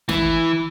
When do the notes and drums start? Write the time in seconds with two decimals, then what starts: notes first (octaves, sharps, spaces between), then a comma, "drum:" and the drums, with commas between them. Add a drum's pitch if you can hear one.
0.09 E3, drum: snare